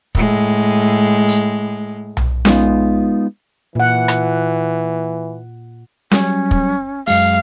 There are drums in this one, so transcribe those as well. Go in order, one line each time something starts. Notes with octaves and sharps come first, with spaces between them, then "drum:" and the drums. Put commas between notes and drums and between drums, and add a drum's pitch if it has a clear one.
A2 G#3, drum: kick
drum: hi-hat
drum: tom B1
G#3 B3 D#4 F4, drum: snare C#4
A#2 E3 F#5
drum: rim click
F#3 G3 C#4, drum: snare C#4
drum: kick
F#2 F#3 G#3 F5, drum: open hi-hat